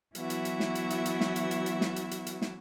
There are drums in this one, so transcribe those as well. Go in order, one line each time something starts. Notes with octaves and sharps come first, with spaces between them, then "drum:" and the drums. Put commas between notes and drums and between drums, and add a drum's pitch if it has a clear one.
E3 F#3 B3 E4 F#4 E5, drum: hi-hat
drum: hi-hat
drum: hi-hat
drum: snare
drum: hi-hat
drum: hi-hat
drum: hi-hat
drum: snare
drum: hi-hat
drum: hi-hat
drum: hi-hat
drum: snare
drum: hi-hat
drum: hi-hat
drum: hi-hat
drum: snare